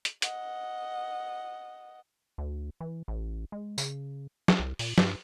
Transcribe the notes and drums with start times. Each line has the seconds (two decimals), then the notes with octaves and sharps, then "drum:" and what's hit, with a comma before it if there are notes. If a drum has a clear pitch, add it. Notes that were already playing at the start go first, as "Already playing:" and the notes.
0.05 drum: hi-hat
0.22 D#5 F#5, drum: hi-hat
2.38 D2
2.81 E3
3.08 A1
3.52 G#3
3.78 C#3, drum: tambourine
4.48 drum: snare
4.59 C2
4.79 A#2, drum: open hi-hat
4.98 G2, drum: snare